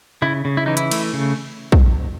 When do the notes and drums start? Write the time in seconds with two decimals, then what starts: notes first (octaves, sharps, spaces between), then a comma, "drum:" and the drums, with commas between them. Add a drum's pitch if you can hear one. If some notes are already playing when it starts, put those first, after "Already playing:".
0.22 C#3 E4
0.45 C#3
0.57 E4
0.66 E3 D#4
0.77 E4, drum: hi-hat
0.91 A3, drum: cymbal
1.13 C#3
1.72 drum: kick